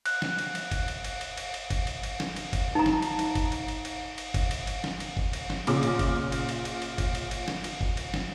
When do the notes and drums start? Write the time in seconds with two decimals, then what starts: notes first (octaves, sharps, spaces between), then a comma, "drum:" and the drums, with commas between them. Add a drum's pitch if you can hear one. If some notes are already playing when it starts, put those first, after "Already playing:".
0.06 F#6, drum: cymbal
0.22 drum: snare
0.39 drum: cymbal
0.55 drum: cymbal
0.72 drum: kick F#1, cymbal
0.88 drum: cymbal
1.04 drum: cymbal
1.21 drum: cymbal
1.37 drum: cymbal
1.54 drum: cymbal
1.70 drum: kick F#1, cymbal
1.87 drum: cymbal
2.03 drum: cymbal
2.20 drum: snare
2.36 drum: cymbal
2.53 drum: kick F#1, cymbal
2.75 D#4 A#5
2.86 drum: snare
3.02 drum: cymbal
3.19 drum: cymbal
3.35 drum: kick F#1, cymbal
3.52 drum: cymbal
3.68 drum: cymbal
3.85 drum: cymbal
4.18 drum: cymbal
4.34 drum: kick F#1, cymbal
4.51 drum: cymbal
4.67 drum: cymbal
4.84 drum: snare
5.00 drum: cymbal
5.17 drum: kick F#1
5.33 drum: cymbal
5.50 drum: snare
5.67 A#2 C#3 D6, drum: cymbal
5.83 drum: cymbal
5.99 drum: kick F#1, cymbal
6.32 drum: cymbal
6.49 drum: cymbal
6.65 drum: cymbal
6.82 drum: cymbal
6.98 drum: kick F#1, cymbal
7.15 drum: cymbal
7.31 drum: cymbal
7.48 drum: snare
7.64 drum: cymbal
7.81 drum: kick F#1
7.97 drum: cymbal
8.14 drum: snare